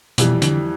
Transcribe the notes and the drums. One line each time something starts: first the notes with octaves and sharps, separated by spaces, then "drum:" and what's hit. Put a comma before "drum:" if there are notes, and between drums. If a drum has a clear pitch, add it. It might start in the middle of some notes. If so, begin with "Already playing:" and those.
F2 B2 E3 G3, drum: hi-hat
D3, drum: hi-hat